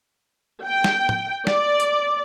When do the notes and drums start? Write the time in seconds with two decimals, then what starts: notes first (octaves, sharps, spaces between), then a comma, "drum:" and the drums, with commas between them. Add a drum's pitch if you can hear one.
0.64 G5
0.84 drum: snare
1.09 drum: tom
1.47 D5, drum: snare
1.80 drum: hi-hat